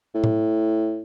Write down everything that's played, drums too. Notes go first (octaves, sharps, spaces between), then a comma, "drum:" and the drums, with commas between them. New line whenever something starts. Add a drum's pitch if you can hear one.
A2
drum: tom A2